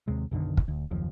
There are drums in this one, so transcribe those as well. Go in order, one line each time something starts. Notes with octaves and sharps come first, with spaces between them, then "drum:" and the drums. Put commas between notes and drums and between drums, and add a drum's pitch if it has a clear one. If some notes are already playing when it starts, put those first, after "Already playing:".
D#2 C3 G#3
B1 F#2 D3 D#3
drum: kick
D2
F#1 D#2 F3